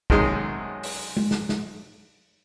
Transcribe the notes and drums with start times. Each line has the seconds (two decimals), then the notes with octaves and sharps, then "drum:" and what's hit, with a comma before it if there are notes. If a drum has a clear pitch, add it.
0.10 B1 F#2 C3 D#3 G#3, drum: kick
0.83 drum: open hi-hat
1.17 drum: tom G#3
1.31 drum: snare
1.49 drum: snare